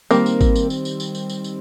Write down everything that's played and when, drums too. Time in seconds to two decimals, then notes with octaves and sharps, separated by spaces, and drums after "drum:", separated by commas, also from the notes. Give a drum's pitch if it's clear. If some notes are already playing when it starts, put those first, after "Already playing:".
0.11 D#3 G3 A#3 C4, drum: tambourine
0.26 drum: tambourine
0.41 drum: kick G#1, tambourine
0.55 drum: tambourine
0.70 drum: tambourine
0.85 drum: tambourine
1.00 drum: tambourine
1.15 drum: tambourine
1.30 drum: tambourine
1.44 drum: tambourine